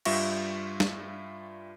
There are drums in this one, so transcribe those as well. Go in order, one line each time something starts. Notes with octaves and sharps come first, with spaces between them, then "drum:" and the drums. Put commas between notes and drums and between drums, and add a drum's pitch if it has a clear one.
G2 G3 F4 E5 C#6 A#6, drum: cymbal
drum: snare